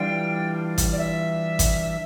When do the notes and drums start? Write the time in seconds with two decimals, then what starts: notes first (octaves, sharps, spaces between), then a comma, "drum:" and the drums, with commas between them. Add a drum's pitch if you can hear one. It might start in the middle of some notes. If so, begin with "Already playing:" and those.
Already playing: E3 G3 D4 F4 G5
0.78 drum: kick G#1, hi-hat
0.92 D5
0.98 E5
1.59 drum: kick G#1, hi-hat